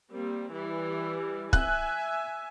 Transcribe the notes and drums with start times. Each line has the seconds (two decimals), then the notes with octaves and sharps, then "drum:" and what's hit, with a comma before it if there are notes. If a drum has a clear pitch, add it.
0.11 G3 A#3 C4
0.52 E3 G3 E4
1.53 E5 G#5 F#6, drum: kick